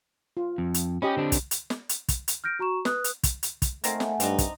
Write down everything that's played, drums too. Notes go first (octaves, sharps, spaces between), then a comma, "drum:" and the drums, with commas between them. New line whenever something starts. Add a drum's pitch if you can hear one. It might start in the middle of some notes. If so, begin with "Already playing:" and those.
F4
F2
drum: hi-hat
C#4 G4 D#5 B5
D3 C4 D4
drum: kick, hi-hat
drum: hi-hat
drum: snare
drum: hi-hat
drum: kick, hi-hat
drum: hi-hat
F6 G6 A#6 D7
F#4 A#5 C#6 E7
B4 D#6 F#6, drum: snare
drum: hi-hat
drum: kick, hi-hat
drum: hi-hat
drum: kick, hi-hat
D#3 A3 A#3 C4 E5 F#5 G#5, drum: hi-hat
drum: snare
G2 C4 D4 D#4, drum: hi-hat
drum: kick, hi-hat